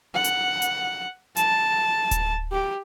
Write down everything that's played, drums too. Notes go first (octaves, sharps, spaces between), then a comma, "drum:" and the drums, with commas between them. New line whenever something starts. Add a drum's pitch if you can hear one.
F#5
drum: hi-hat
drum: hi-hat
A5, drum: hi-hat
drum: kick D1, hi-hat
G4